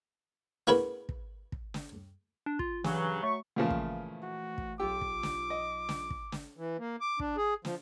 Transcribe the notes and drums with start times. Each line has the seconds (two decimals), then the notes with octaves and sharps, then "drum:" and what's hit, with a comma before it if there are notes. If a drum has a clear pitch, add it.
0.67 A#3 E4 F#4 G#4 A#4 B4, drum: snare
1.09 drum: kick
1.52 drum: kick
1.74 drum: snare
2.46 D4
2.59 F4, drum: kick
2.84 G2 C#3 E3 F#3, drum: snare
3.23 F#3 A3 C#6
3.56 A#2 C#3 E3 F3 A3
3.70 drum: kick
4.23 F#4
4.58 drum: kick
4.80 B1 F4 G4 D6 E6
5.01 drum: kick
5.23 drum: snare
5.50 D#5
5.89 drum: snare
6.10 drum: kick
6.32 drum: snare
6.58 E3
6.79 A#3
7.01 D6
7.20 D4, drum: kick
7.37 G#4
7.65 F3, drum: snare